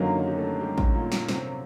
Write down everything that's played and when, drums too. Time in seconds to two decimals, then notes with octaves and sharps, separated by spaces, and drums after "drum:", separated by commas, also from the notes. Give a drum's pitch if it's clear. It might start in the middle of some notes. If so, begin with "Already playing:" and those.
Already playing: F#2 D3 D#3 F#3 A#3 D#4
0.15 D#3 D#4
0.27 G4
0.38 A3 A4
0.60 G3 G4
0.78 drum: kick A1
0.94 A#2 A#3
1.12 drum: snare
1.29 C3 C4, drum: snare